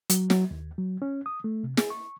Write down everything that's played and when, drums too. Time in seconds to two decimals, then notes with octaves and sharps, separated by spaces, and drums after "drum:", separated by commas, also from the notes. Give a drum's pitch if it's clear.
0.10 F#3, drum: hi-hat
0.30 F#3, drum: snare
0.51 D#2
0.78 F#3
1.02 C#4
1.26 D#6
1.44 A3
1.64 C3
1.77 G#4, drum: snare
1.90 C#6